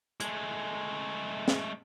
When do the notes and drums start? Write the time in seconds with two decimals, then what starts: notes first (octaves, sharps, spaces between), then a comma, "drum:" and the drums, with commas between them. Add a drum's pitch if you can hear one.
0.20 G#3 A3, drum: hi-hat
1.48 drum: snare